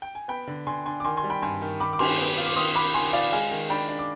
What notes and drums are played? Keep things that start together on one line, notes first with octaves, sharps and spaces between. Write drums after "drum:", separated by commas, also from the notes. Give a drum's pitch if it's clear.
G5
G#5
B3 G5 B5
D3
D3 G#5 C6
D4 G#5 C6
D6
D#3 G#5 C6
G#5 C6
G3
G5 B5
G2 G#5 C6
D#3
D#3 B5 D6
D6
D#3 G#5 C6, drum: cymbal
B3
F4
D6
D#3 C6 D#6
D#3 B5 D6
D#3 G#5 C6
F4 D5 F5
G#3 F5 G#5
D#3
D4 G5 B5
D4
D6